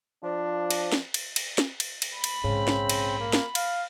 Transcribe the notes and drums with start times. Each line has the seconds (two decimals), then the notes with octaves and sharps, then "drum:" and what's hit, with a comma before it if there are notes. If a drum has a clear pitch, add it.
0.24 F3 D4
0.71 drum: cymbal
0.92 drum: snare
1.14 drum: cymbal
1.36 drum: cymbal
1.58 drum: snare
1.80 drum: cymbal
2.02 drum: cymbal
2.14 B5
2.24 drum: cymbal
2.44 A#1 G#2 C#3 C4
2.68 drum: snare
2.89 drum: cymbal
3.19 A#3
3.33 drum: snare
3.55 F5, drum: cymbal